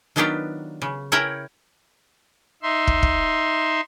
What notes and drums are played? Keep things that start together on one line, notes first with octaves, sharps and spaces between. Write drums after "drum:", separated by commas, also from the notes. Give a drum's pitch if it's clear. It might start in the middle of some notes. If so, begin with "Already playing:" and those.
D#3 F#3 B3 D4 F4 G4
C#3
C#4 E4 A#4 C#5 G5
D#4 E5 C6
drum: kick
drum: kick